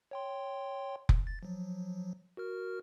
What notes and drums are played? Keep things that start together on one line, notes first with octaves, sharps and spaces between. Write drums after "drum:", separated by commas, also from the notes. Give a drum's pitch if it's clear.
C#5 G5 C6
drum: kick F1
A6
F3 F#3
F#4 A#4 F6